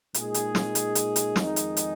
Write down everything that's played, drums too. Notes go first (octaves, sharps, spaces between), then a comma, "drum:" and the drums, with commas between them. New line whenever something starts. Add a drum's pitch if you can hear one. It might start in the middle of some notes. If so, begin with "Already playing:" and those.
A#2 G#3 D#4 G#4, drum: hi-hat
drum: hi-hat
drum: snare
drum: hi-hat
drum: hi-hat
drum: hi-hat
F2 D#3 G#3 D#4 G#4, drum: snare
drum: hi-hat
drum: hi-hat